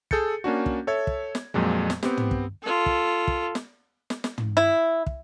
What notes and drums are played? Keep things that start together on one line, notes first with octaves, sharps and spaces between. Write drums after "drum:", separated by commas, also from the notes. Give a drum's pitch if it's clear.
G#4 A4 G6 A6 C#7, drum: kick
A#3 C#4 D4 F#4
drum: kick
A4 C#5 E5 G#6
drum: kick
drum: snare
F2 A#2 F#3 G#3
drum: snare
B3 C4 G4, drum: snare
drum: tom
drum: kick
F4 A4
drum: kick
drum: kick
drum: snare
drum: snare
drum: snare
drum: tom
E4
drum: kick